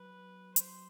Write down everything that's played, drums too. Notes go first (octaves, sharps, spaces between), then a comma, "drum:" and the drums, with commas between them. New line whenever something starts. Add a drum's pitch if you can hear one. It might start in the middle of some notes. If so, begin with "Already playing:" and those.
Already playing: F#3 B4
C5, drum: hi-hat